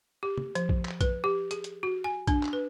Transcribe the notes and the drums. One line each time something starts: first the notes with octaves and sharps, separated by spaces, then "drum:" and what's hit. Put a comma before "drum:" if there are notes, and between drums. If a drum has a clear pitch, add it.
G4
drum: tom
F3, drum: hi-hat
drum: kick A#1
drum: clap
B4, drum: kick A#1, hi-hat
G4
G#4, drum: hi-hat
drum: hi-hat
F#4
G#5
D4, drum: kick A#1, hi-hat
drum: clap
B4